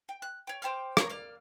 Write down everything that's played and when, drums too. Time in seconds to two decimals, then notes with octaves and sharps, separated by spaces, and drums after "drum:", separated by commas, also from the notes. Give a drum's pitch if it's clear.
0.09 G5
0.22 F#6
0.47 C#5 G5
0.62 C5 G5 D6 F6
0.97 A#4 C5 C#5 A#5, drum: rim click
1.10 A#3 D5 F6